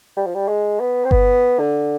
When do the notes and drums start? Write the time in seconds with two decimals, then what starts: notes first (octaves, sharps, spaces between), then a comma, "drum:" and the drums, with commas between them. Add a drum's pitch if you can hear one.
0.17 G3
0.26 F3
0.35 G3
0.48 G#3
0.80 B3
1.05 C4
1.11 B3, drum: kick G1
1.59 D3